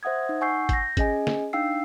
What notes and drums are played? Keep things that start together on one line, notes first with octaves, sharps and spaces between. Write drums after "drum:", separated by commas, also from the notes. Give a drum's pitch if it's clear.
C5 E5 F#5 D#6 G#6
D#4
F#5 G#5 C#6 E6 G6 C7
G6 A#6, drum: kick, hi-hat
C#4 G#4 D#5 G#5, drum: kick, hi-hat
drum: snare
D4 D#4 F5 G5 E6 C7